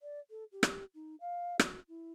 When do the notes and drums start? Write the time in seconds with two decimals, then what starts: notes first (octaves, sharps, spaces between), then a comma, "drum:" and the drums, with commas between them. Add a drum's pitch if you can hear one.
0.01 D5
0.30 A4
0.52 G4
0.63 drum: rim click
0.95 D#4
1.21 F5
1.59 F#4, drum: rim click
1.88 E4